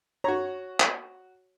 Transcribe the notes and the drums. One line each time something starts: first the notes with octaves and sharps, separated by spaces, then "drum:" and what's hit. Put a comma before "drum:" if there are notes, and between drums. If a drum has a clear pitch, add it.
F#4 C#5 A#5
drum: clap